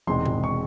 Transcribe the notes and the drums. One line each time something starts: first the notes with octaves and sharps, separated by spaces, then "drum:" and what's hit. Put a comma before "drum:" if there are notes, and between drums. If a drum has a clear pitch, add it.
E1 E2 C3 D#3 G#3 C6
drum: tom
C#6